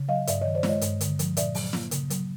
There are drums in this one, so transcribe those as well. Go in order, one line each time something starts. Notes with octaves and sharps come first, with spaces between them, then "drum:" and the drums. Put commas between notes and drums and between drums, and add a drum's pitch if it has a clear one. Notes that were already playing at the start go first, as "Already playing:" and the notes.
Already playing: C#3
F#3 D#5 F5
G2 D5 E5, drum: hi-hat
D#3 C#5 D#5
C5 D5
G#3, drum: snare
C#5 D#5
G2, drum: hi-hat
D3, drum: hi-hat
F3, drum: hi-hat
A#2 D5 E5, drum: hi-hat
F#3, drum: open hi-hat
A#3, drum: snare
C#3, drum: hi-hat
F#3, drum: hi-hat